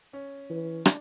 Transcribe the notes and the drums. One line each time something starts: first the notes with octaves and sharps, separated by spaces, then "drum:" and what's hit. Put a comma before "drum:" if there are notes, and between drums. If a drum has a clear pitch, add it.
C#4
E3
D4, drum: rim click